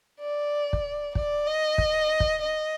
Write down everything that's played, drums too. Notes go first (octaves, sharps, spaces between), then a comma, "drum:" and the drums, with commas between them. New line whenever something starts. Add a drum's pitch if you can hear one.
D5
drum: kick
D5, drum: kick
D#5
drum: kick
drum: kick
D#5